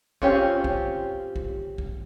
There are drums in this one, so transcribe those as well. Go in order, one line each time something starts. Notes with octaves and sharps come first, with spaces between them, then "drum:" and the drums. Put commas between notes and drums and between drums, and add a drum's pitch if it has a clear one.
C4 C#4 F4 G4, drum: kick
drum: kick
drum: kick
drum: kick